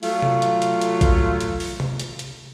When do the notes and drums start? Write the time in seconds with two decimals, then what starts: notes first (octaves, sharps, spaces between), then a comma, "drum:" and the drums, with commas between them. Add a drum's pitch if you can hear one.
0.03 F#3 A3 F4, drum: open hi-hat
0.22 drum: tom C3
0.42 drum: hi-hat
0.62 drum: hi-hat
0.81 drum: hi-hat
1.01 drum: kick A1, hi-hat
1.40 drum: hi-hat
1.60 drum: open hi-hat
1.80 drum: tom C3
2.00 drum: hi-hat
2.19 drum: hi-hat